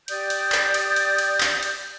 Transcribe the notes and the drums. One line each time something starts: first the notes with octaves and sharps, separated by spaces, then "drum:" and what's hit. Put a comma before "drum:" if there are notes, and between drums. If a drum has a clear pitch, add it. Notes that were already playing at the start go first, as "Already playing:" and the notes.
G4 D5 D#6 G6, drum: cymbal
drum: cymbal
drum: clap
drum: cymbal
drum: cymbal
drum: cymbal
drum: clap
drum: cymbal